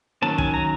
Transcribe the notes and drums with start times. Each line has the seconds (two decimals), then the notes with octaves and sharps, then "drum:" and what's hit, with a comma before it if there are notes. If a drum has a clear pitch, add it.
0.22 D#3 F#3 A#3 C#4 A5
0.38 G#5, drum: kick
0.54 A#5